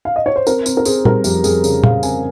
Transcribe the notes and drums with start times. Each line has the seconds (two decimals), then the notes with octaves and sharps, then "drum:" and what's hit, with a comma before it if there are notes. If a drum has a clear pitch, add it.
0.05 F5
0.16 D#5
0.26 C#5
0.36 C5
0.47 C4 A#4, drum: tambourine
0.66 C4, drum: tambourine
0.77 A#4
0.85 C4 G#4, drum: tambourine
1.05 G3 A#4, drum: tom
1.24 F2 G4, drum: tambourine
1.44 F2 G#4, drum: tambourine
1.64 C#3, drum: tambourine
1.84 C#3 F5, drum: tom
2.03 C4 G#5, drum: tambourine